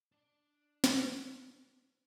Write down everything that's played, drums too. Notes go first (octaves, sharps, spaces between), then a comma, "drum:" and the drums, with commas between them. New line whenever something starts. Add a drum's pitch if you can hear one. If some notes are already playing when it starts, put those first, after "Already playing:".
D4 D5
drum: snare